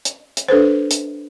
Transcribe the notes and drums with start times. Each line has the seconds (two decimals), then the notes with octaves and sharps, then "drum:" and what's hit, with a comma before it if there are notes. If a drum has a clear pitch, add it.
0.05 drum: hi-hat
0.37 drum: hi-hat
0.48 D4 A4 B4 C5
0.91 drum: hi-hat